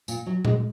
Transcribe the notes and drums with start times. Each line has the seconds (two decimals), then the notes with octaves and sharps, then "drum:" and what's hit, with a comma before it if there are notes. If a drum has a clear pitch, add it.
0.08 A#2, drum: tambourine
0.26 F#3
0.45 G#3, drum: tom A#2